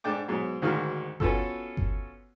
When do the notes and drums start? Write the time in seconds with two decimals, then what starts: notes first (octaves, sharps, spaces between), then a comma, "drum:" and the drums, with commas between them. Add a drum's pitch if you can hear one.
0.04 G#2 D4 G5 D6
0.28 G#2 B2 F#3
0.62 D2 G#2 D#3 F#4 F5 F6
1.20 B3 C#4 F4 F#4 A4, drum: kick G1
1.77 drum: kick G1